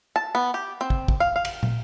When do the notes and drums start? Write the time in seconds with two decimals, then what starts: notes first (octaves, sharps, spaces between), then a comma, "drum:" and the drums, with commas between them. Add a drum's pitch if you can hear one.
0.16 A5
0.35 B3
0.54 G4
0.81 C4
0.90 drum: kick
1.08 drum: kick
1.20 F5
1.36 F5
1.45 drum: cymbal
1.63 drum: tom